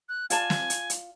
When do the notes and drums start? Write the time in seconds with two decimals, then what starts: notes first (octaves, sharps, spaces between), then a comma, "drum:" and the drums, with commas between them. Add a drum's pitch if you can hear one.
0.09 F#6
0.30 F4 D5 G#5 A5, drum: hi-hat
0.50 drum: snare
0.70 drum: hi-hat
0.90 drum: hi-hat